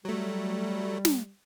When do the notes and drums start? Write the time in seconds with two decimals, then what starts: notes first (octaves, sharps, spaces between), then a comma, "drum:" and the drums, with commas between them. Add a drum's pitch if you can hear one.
0.05 F#3 G3 A3
1.05 drum: snare